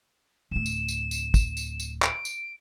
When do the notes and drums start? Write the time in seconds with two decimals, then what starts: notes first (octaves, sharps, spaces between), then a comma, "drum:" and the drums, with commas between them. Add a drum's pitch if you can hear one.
0.51 D1 A3 E7
0.66 drum: tambourine
0.88 drum: tambourine
1.11 drum: tambourine
1.34 drum: kick, tambourine
1.57 drum: tambourine
1.80 drum: tambourine
2.02 D7, drum: clap
2.25 drum: tambourine